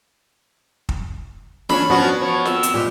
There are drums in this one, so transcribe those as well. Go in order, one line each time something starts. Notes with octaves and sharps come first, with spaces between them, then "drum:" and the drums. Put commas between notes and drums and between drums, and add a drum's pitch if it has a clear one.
drum: kick
C#4 D4 B5, drum: snare
F3 B3 C#4 F4 F#4
F3 C#5
F2 D#3 E6, drum: snare
drum: hi-hat
D2 A#2 E3 G#3 G4